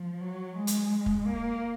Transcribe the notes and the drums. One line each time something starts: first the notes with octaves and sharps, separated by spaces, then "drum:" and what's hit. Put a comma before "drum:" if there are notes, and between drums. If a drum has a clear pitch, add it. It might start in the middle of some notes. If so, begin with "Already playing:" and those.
Already playing: F3
F#3
G#3
drum: hi-hat
drum: kick
A#3